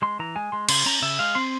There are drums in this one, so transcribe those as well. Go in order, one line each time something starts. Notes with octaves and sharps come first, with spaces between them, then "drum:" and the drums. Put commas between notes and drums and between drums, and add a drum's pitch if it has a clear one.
G#3 C6
E3 A#5
G#3 G#5
G#3 C6
C#3 C6, drum: cymbal
C#4 A#5
C#3 E5
G#3 F5
C4 C6